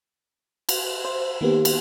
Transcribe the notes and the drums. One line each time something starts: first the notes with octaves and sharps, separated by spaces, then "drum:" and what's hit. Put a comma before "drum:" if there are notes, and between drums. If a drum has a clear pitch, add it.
drum: cymbal
C5
D#3 A#3 B3 G4
drum: cymbal